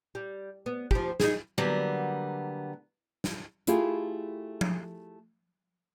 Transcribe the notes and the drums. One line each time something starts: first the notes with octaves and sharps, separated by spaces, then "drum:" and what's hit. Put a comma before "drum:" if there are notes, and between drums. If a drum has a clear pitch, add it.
G3
B3
F3 G4, drum: kick
D#4 G#4, drum: snare
D3 F#3 G3 A#3 B3
drum: snare
A3 E4 F4 G4 G#4, drum: hi-hat
drum: tom F3